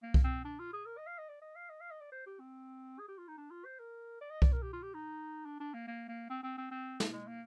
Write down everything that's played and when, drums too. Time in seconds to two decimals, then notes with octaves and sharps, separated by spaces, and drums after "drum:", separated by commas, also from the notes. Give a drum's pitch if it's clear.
0.03 A#3
0.14 drum: kick C2
0.24 C4
0.45 D4
0.59 F4
0.73 G#4
0.86 A#4
0.98 D#5
1.07 F5
1.18 D#5
1.29 D5
1.42 D#5
1.56 F5
1.70 D#5
1.81 F5
1.91 D#5
2.01 D5
2.12 C5
2.26 G4
2.40 C4
2.99 G#4
3.09 G4
3.18 F4
3.28 D#4
3.38 D4
3.51 F4
3.65 C5
3.79 A#4
4.21 D5
4.31 D#5
4.42 D5, drum: kick C2
4.53 A#4
4.62 G4
4.73 F4
4.83 G4
4.94 D#4
5.45 D4
5.60 D4
5.74 A#3
5.87 A#3
6.08 A#3
6.30 C4
6.43 C4
6.58 C4
6.71 C4
7.00 drum: snare
7.13 G#3
7.28 A#3